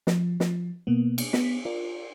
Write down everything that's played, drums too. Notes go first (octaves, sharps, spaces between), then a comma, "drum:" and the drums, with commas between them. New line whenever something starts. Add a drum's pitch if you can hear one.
F3, drum: snare
F3, drum: snare
B2 A#3 B3
drum: cymbal
B3 B6, drum: snare
F4 A#4 D5